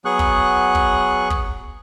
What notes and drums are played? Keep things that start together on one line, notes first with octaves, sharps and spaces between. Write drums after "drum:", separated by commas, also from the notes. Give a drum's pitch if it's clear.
F#3 B3 G#4 C#6 F#6
drum: kick
drum: kick
drum: kick